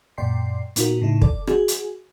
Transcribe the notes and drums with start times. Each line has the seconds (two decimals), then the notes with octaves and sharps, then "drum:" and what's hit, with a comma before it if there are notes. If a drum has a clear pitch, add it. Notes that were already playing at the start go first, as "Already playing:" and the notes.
0.18 F#2 A#2 D5 G5 C6 C7
0.76 A#2 B3 D#4 F4 F#4 A#4, drum: hi-hat
1.01 A2 C#3 D#4 E4
1.21 A4 D5, drum: kick
1.47 F#4 G#4 G#5, drum: rim click
1.68 drum: hi-hat